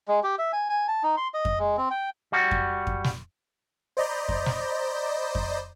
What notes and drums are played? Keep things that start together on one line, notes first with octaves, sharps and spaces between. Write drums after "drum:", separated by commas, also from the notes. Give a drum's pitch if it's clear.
G#3
G4
E5
G#5
G#5
A5
D#4
C6
D#5
drum: kick F2
G#3
C4
G5
G3 F#4
drum: kick F2
drum: kick F2
drum: snare
C5 D5 D#5 A#5 B5 G6
drum: kick F2
drum: snare
drum: kick F2